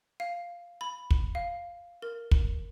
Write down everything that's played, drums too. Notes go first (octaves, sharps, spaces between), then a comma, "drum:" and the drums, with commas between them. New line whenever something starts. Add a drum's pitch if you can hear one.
F5
B5
drum: kick
F5
A#4
drum: kick